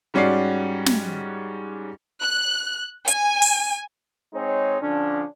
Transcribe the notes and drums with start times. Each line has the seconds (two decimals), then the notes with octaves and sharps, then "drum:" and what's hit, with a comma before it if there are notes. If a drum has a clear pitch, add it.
0.14 G#2 G3 C#4 F#4 D5 C7
0.86 drum: snare
2.22 F#6
3.08 G#5, drum: hi-hat
3.42 drum: open hi-hat
4.34 G#3 C4 D#4 G#4 C#5
4.81 D3 F3 C#4 D4